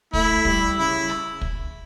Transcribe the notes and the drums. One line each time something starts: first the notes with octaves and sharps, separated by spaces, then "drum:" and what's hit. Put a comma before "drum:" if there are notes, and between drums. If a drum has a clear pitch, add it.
A3 E4, drum: kick
G3, drum: kick
C#3 E4
drum: rim click
drum: kick